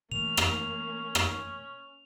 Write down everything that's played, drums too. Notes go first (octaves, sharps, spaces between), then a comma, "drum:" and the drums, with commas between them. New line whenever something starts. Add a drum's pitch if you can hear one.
B2 E3 A3 A#3 C#4 F7
drum: rim click
drum: rim click